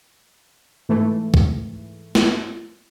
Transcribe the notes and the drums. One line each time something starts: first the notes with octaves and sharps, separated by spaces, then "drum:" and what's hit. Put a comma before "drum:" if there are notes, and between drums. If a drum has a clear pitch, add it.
G#2 E3 A3
drum: kick
drum: snare